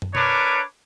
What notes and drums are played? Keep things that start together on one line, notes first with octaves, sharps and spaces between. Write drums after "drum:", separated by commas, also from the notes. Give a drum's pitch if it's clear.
drum: tom
D4 A#4 B4 C#5 D6, drum: tom B2